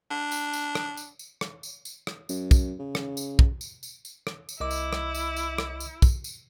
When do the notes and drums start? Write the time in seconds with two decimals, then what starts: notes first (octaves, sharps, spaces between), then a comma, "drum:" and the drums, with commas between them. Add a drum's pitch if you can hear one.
0.11 D4
0.31 drum: tambourine
0.53 drum: tambourine
0.75 drum: rim click
0.97 drum: tambourine
1.19 drum: tambourine
1.41 drum: rim click
1.63 drum: tambourine
1.85 drum: tambourine
2.07 drum: rim click
2.29 F#2, drum: tambourine
2.51 drum: kick, tambourine
2.79 C#3
2.95 drum: rim click
3.17 drum: tambourine
3.39 drum: kick
3.61 drum: tambourine
3.83 drum: tambourine
4.05 drum: tambourine
4.27 drum: rim click
4.49 drum: tambourine
4.60 C2 E4 D#5 D6
4.71 drum: tambourine
4.93 drum: rim click
5.15 drum: tambourine
5.36 drum: tambourine
5.58 drum: rim click
5.80 drum: tambourine
6.02 drum: kick, tambourine
6.24 drum: tambourine